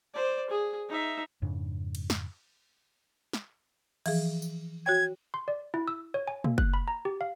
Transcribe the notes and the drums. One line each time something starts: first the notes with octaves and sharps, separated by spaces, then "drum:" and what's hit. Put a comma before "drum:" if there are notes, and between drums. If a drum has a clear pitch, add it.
C5 D5
G#4
D#4 E5
F2 G#2 C#3 D4
drum: cymbal
drum: snare
drum: snare
E3 F3 G#4, drum: cymbal
drum: tambourine
F#4 C#5 G5 G#6
C6
D5
E4
E6
C#5
G#5
A#3, drum: tom
F#6, drum: kick
B5
A#5
G4
F5